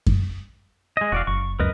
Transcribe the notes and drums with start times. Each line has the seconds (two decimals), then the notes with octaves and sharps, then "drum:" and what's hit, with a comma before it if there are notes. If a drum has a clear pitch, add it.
0.07 drum: kick F#2
0.97 G#3 D#5
1.12 E1 F#4 D5 F5
1.27 F#1 C#6
1.60 C#2 F#2 A#4 B4 D#5